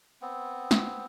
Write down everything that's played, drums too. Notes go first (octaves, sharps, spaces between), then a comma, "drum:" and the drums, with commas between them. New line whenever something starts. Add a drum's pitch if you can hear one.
B3 C4
drum: snare